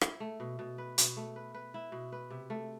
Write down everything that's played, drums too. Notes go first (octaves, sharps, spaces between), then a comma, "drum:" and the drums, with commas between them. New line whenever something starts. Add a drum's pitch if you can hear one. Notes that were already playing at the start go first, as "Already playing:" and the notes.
E4, drum: rim click
A3
B2
B2
B4
B2, drum: hi-hat
A3
B4
B4
E4
B2
B4
C3
A3